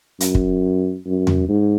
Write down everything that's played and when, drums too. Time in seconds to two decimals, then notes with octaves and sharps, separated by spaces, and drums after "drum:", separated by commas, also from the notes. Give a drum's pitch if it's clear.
0.20 F#2, drum: hi-hat
0.35 drum: kick
1.06 F#2
1.27 drum: tom E2
1.49 G#2